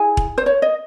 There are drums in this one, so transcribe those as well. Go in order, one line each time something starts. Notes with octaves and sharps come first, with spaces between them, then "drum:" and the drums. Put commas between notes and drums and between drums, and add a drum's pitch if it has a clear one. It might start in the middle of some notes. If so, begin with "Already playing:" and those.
Already playing: E4 G#4 G#5
drum: kick E1
C5
C#5
D#5